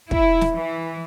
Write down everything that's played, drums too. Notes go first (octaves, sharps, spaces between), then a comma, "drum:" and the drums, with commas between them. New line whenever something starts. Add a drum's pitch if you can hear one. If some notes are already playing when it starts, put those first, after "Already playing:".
E4, drum: kick
drum: snare
E3